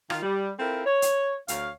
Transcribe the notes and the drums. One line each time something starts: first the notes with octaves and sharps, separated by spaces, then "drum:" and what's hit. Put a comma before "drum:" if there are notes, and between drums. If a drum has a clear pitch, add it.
D#3 F4, drum: rim click
G3
C4 E4 F4 A4 A#4
C#5
drum: hi-hat
D2 C#5 F5, drum: hi-hat